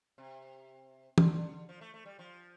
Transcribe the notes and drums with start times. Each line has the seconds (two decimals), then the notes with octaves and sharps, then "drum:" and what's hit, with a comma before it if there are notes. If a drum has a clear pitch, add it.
0.18 C3
1.18 D3, drum: tom
1.69 F3
1.81 A3
1.94 A3
2.05 G3
2.19 F3